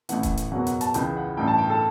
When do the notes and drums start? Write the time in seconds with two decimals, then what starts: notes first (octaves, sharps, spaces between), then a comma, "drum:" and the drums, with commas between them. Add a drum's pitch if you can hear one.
0.09 A1 A2 E3 F#5, drum: hi-hat
0.23 drum: kick D#1, hi-hat
0.37 drum: hi-hat
0.52 F#1 E2 B2 F#3 F#5
0.67 F#5, drum: hi-hat
0.81 A5, drum: hi-hat
0.94 C#2 C#3 E3 G5, drum: hi-hat
1.17 F#5
1.37 A1 G2 E3 G5
1.47 A5
1.58 G5
1.70 A4